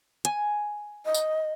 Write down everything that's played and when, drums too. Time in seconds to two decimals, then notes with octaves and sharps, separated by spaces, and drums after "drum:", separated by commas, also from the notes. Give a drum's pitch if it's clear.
0.25 G#5, drum: hi-hat
1.05 D#5
1.14 drum: tambourine